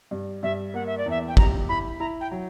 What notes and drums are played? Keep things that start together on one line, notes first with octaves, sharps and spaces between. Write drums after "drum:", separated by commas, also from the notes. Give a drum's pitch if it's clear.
G2
G2 E5
A#3 F#5
E5
D5
E2 E5
G5
G4 A#5, drum: kick
E4 B5
E4 A#5
G5
F#3